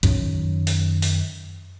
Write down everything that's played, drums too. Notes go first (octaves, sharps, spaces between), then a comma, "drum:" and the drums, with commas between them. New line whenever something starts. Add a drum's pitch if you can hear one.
F#2 D#3, drum: hi-hat
drum: open hi-hat
drum: open hi-hat